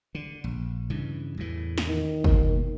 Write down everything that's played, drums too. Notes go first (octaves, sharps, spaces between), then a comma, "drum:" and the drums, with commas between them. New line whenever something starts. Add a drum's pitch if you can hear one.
D3
A#1
G2 C#3 E3
E2 A2 E3
drum: snare
D#3
D#2 B2 A#3, drum: kick